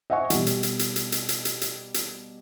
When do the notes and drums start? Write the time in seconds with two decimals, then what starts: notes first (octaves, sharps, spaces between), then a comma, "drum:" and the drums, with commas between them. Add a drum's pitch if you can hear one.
0.10 D#5 E5 F#5 G#5 C#6
0.30 B2 G3, drum: hi-hat
0.46 drum: hi-hat
0.63 drum: hi-hat
0.79 drum: hi-hat
0.96 drum: hi-hat
1.12 drum: hi-hat
1.29 drum: hi-hat
1.45 drum: hi-hat
1.61 drum: hi-hat
1.94 drum: hi-hat